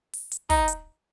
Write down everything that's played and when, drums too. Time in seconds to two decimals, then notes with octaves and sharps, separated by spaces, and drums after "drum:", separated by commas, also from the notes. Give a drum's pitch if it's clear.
0.13 drum: open hi-hat
0.32 drum: hi-hat
0.50 D#4, drum: kick, open hi-hat
0.68 drum: hi-hat